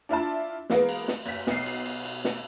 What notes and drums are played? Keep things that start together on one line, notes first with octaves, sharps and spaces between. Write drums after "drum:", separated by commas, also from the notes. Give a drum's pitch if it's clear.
D4 E4 F4 A5
E3 G#3 A#3 B3, drum: snare
drum: cymbal
drum: snare
F#1 B6, drum: cymbal
B1 C7, drum: snare
drum: cymbal
drum: cymbal
drum: cymbal
drum: snare